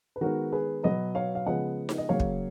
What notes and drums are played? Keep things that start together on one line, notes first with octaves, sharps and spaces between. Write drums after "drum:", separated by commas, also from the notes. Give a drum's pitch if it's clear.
B4
D#3 G#3 B3 F#4 A#4
G#4 B4
B2 F#3 B3 B4 D#5
C#5 F5
F5
C#3 F3 G#3 B3 D#5 F#5
drum: snare D#4
D#5
C#3 F#3 A#3 C#5 F5
drum: kick